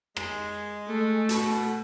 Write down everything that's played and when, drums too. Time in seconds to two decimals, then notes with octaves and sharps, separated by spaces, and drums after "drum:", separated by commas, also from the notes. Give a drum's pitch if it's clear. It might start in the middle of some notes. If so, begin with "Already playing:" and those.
0.17 G#3, drum: rim click
0.87 A3
1.29 B2 F#4, drum: hi-hat